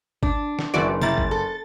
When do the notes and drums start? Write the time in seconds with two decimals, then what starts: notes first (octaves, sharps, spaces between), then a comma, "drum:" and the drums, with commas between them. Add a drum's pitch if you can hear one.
0.23 D4, drum: kick G#1
0.59 drum: snare
0.74 F#1 E3 F#4 D5 D7
1.01 G3 A#3 E4 A6, drum: tom C3
1.18 drum: kick G#1
1.31 A4